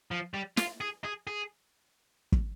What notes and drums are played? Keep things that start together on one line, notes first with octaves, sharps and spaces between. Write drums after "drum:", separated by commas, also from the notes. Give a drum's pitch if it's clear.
F3
G3
F4, drum: snare
G#4
G#4
G#4
drum: kick